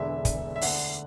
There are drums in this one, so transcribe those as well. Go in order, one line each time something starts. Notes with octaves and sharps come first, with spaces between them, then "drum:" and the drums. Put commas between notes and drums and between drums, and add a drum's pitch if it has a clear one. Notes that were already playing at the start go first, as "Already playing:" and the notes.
Already playing: E1 E2 D3 E5
drum: kick, hi-hat
E5
D2 D3 F#5, drum: open hi-hat